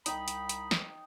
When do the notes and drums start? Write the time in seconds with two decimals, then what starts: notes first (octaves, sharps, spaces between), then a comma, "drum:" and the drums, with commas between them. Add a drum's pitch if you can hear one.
0.06 C2 D#4 G5 B5, drum: hi-hat
0.28 drum: hi-hat
0.49 drum: hi-hat
0.71 drum: snare